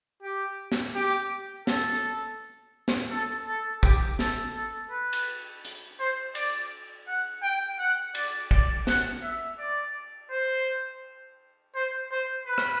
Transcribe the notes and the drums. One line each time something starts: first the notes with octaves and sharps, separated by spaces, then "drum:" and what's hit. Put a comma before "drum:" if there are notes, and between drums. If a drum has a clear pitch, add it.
G4
drum: snare
G4
A4, drum: snare
drum: snare
A4
A4
G4, drum: kick
A4, drum: snare
A4
B4
drum: cymbal
drum: hi-hat
C5
D5, drum: cymbal
F#5
G5
F#5
D5, drum: cymbal
D5, drum: kick
F#5, drum: snare
E5
D5
C5
C5
C5
B4
drum: rim click